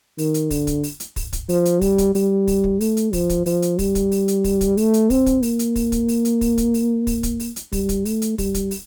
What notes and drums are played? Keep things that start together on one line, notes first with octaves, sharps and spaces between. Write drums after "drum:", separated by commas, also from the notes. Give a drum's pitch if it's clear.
D#3, drum: open hi-hat
drum: hi-hat
D3, drum: kick, open hi-hat
drum: kick, hi-hat
drum: open hi-hat
drum: hi-hat
drum: kick, open hi-hat
drum: kick, hi-hat
F3, drum: open hi-hat
drum: hi-hat
G3, drum: kick, open hi-hat
drum: kick, hi-hat
G3, drum: open hi-hat
drum: kick, open hi-hat
drum: kick
A3, drum: open hi-hat
drum: hi-hat
F3, drum: kick, open hi-hat
drum: kick, hi-hat
F3, drum: open hi-hat
drum: hi-hat
G3, drum: kick, open hi-hat
drum: kick, hi-hat
drum: open hi-hat
drum: hi-hat
drum: kick, open hi-hat
drum: kick, hi-hat
A3, drum: open hi-hat
drum: hi-hat
C4, drum: kick, open hi-hat
drum: kick, hi-hat
A#3, drum: open hi-hat
drum: hi-hat
drum: kick, open hi-hat
drum: kick, hi-hat
drum: open hi-hat
drum: hi-hat
drum: kick, open hi-hat
drum: kick, hi-hat
drum: open hi-hat
drum: kick, open hi-hat
drum: kick, hi-hat
drum: open hi-hat
drum: hi-hat
G3, drum: kick, open hi-hat
drum: kick, hi-hat
A3, drum: open hi-hat
drum: hi-hat
G3, drum: kick, open hi-hat
drum: kick, hi-hat
drum: open hi-hat